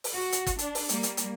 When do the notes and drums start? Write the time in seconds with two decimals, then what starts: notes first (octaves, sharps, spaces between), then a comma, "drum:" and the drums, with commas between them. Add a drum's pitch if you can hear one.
0.04 drum: open hi-hat
0.15 F#4
0.32 drum: hi-hat
0.47 drum: kick G1, hi-hat
0.59 D4, drum: hi-hat
0.75 drum: open hi-hat
0.89 G3 A#3, drum: hi-hat
1.03 drum: hi-hat
1.17 drum: hi-hat